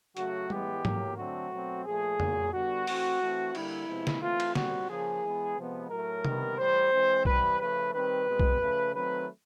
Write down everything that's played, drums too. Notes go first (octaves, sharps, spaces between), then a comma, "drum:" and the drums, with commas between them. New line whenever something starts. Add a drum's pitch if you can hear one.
C#3 F#3 A3 F#4, drum: hi-hat
A2 E3 G#3 B3 G4, drum: tom G3
A2 F#3 A#3, drum: tom G#2
D3 F#3 A3 C4 F#4
B2 F#3 A3 C4
A#2 F3 A3 G#4
A#2 F#3 A#3, drum: tom
D3 G3 B3 F#4
E3 A3 C4, drum: open hi-hat
E3 A3 C4
D3 G3 A#3 E4, drum: cymbal
C3 F3 G#3 B3
drum: snare
E3 A3 C4 F4
drum: cymbal
A#2 G3 C4 F#4, drum: snare
C#3 F3 A#3 G#4
E3 G#3 B3
C3 F3 G#3 B3
A2 F#3 A3 A#4
C3 D#3 G3 B3, drum: tom C3
A2 E3 G3 C5
E3 G#3 C4
C3 E3 G3 B4, drum: kick B1
C#3 F3 A3 B4
D#3 G3 C4 B4
B2 G#3 C4
drum: kick B1
C#3 F3 A3
D#3 F#3 A3 C4 B4